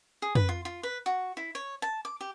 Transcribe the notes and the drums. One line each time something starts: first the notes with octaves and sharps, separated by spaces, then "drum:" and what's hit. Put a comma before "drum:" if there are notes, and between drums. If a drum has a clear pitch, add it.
G#4
B4, drum: tom
F4
F4
B4
F#4
E4
C#5
A5
D6
G4